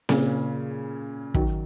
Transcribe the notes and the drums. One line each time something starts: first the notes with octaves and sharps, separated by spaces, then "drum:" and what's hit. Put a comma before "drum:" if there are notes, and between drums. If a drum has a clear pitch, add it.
A#2 C#3, drum: snare C4
D#3 F#3, drum: kick